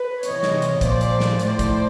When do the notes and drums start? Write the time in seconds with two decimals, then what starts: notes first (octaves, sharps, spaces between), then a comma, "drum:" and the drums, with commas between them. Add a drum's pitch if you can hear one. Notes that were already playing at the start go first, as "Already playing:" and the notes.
Already playing: B4
0.23 C3 E3 C#5 D#5, drum: hi-hat
0.43 drum: snare
0.62 drum: hi-hat
0.81 A#2 F3 C5 D5, drum: kick, hi-hat
1.01 drum: hi-hat
1.20 drum: snare
1.39 A2 F3 C5 D5, drum: hi-hat
1.59 drum: kick, hi-hat